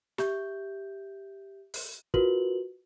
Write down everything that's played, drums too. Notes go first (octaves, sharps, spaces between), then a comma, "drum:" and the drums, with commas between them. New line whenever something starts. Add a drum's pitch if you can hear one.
G4 E5 G6, drum: snare
drum: open hi-hat
F4 F#4 A#4 B4 F#7, drum: kick